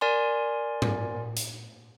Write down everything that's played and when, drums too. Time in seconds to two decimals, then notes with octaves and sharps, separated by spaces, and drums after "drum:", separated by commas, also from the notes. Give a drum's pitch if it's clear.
0.01 A#4 D5 G#5 C6
0.82 drum: tom G#2
1.36 drum: hi-hat